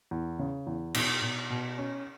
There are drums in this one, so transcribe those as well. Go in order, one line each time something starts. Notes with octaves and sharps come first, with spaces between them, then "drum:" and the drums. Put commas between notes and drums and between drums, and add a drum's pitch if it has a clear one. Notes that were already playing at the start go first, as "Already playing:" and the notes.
E2
C#3
E2
B2, drum: cymbal
B2
B2
C#4